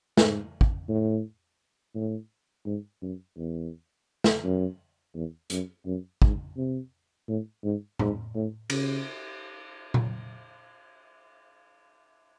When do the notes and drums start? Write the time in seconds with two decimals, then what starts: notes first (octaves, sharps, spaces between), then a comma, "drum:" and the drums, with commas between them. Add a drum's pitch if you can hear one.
0.17 G#2, drum: snare
0.61 drum: kick
0.88 A2
1.95 A2
2.66 G#2
3.02 F#2
3.37 E2
4.24 drum: snare
4.44 F#2
5.15 E2
5.50 F#2, drum: hi-hat
5.85 F#2
6.22 G#2, drum: kick
6.57 C3
7.28 A2
7.64 G#2
7.99 G#2, drum: tom A2
8.35 A2
8.70 C#3, drum: cymbal
9.94 drum: tom A#2